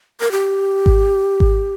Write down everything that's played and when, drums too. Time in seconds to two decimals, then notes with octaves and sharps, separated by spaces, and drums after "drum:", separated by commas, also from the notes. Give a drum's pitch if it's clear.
0.20 A#4
0.31 G4
0.86 drum: kick G#1
1.40 drum: kick G#1